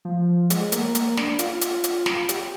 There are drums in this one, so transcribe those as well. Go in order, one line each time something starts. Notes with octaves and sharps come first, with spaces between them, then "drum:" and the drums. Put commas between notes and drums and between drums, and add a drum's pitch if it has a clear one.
F3
G#3, drum: hi-hat
A#3, drum: hi-hat
A#3, drum: hi-hat
D4, drum: snare
F4, drum: hi-hat
drum: hi-hat
drum: hi-hat
drum: snare
G4, drum: hi-hat